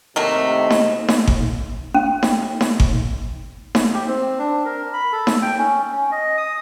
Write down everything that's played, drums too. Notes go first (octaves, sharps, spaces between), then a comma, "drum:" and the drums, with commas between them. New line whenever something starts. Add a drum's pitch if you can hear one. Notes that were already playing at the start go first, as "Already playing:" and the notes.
D#2 A2 C3 F#3 A3 A#3 D#5
drum: snare D#4
drum: snare D#4
drum: kick G1
C#4
drum: snare D#4
drum: snare D#4
drum: kick G1
drum: snare D#4
G4
C4
D4
A#4
B5
A4
drum: snare D#4
G5
C#4
C#4
D#5
D#6